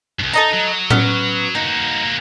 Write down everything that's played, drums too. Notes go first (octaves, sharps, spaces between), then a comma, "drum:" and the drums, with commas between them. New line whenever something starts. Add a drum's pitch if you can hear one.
C2 G2
D#4 A4 D#5 A#5
F#3
B3 C#4, drum: tom A2
A#3 D#4 F#4